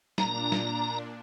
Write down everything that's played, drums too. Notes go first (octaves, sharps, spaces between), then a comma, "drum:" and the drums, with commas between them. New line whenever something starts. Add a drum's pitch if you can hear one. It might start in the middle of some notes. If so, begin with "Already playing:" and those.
A#2 D4 A#5, drum: snare
drum: snare